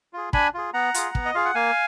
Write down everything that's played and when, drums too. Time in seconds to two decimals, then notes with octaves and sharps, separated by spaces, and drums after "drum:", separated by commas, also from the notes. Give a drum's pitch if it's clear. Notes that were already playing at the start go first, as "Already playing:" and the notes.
0.13 F4 G#4
0.33 D4 G#5 B5, drum: kick
0.54 F4 G#4
0.73 B3 F#5 A#5
0.94 F4 G#4, drum: hi-hat
1.15 B3, drum: kick
1.25 D#5
1.35 F4 G#4 F5
1.45 F#5
1.55 A#3 F5 G#5